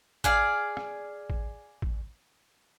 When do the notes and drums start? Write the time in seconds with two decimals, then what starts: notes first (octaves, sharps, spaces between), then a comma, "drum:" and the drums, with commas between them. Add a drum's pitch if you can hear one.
0.24 G#4 D5 F5, drum: kick A1
0.77 drum: rim click
1.30 drum: kick A1
1.82 drum: kick A1